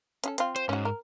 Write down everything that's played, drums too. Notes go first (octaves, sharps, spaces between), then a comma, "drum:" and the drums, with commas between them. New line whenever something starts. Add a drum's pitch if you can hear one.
C#4 G#4 A4, drum: hi-hat
C4 F4, drum: hi-hat
C5, drum: hi-hat
G#2 C#4 F#4
A#4